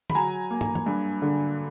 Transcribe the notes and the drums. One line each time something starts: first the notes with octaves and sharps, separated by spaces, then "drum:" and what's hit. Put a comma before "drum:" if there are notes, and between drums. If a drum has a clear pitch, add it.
B5, drum: tom
F#3 G#5 A#5
A#3
drum: tom
drum: tom E3
G2
D3